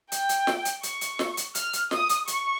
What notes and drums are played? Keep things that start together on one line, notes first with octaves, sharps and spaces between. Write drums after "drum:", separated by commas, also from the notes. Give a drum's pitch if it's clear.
G5, drum: hi-hat
drum: hi-hat
drum: snare
drum: hi-hat
C#6, drum: hi-hat
drum: hi-hat
drum: snare
drum: hi-hat
F6, drum: hi-hat
drum: hi-hat
D#6, drum: snare
drum: hi-hat
C#6, drum: hi-hat